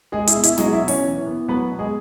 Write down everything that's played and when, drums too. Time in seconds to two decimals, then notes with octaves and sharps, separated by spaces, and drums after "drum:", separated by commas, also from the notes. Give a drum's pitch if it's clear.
0.12 G#3 G#4
0.27 E4, drum: hi-hat
0.35 B2
0.43 E4, drum: hi-hat
0.57 F#3 G#3 G#4, drum: snare
0.73 E4 E5
0.81 B2
0.88 C#4 C#5, drum: open hi-hat
1.03 E3
1.27 B3
1.48 F#3 B3 B4
1.71 B2
1.79 G#3 G#4